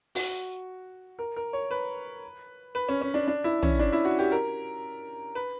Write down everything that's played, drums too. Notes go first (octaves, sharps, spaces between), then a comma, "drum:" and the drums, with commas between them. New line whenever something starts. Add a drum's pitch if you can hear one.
F#4, drum: open hi-hat
A#4
A#4
C#5
B4
B4
C#4
C#4
D4
D4
E4
C#4, drum: tom
D4
E4
F#4
G4
A#4
B4